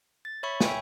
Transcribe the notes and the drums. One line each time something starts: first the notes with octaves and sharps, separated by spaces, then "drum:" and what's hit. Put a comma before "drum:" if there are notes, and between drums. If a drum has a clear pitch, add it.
A6
C#5 E5 B5 C#6
E5 G5 G#5, drum: snare